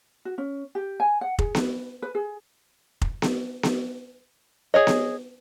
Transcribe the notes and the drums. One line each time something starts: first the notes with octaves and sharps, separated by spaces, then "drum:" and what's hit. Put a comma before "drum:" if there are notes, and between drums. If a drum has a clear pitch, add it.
F#4
C#4
G4
G#5
F#5
G#4, drum: kick F1
B4, drum: snare B3
B4
G#4
drum: kick F1
drum: snare B3
drum: snare B3
G#4 C#5 D#5
drum: snare B3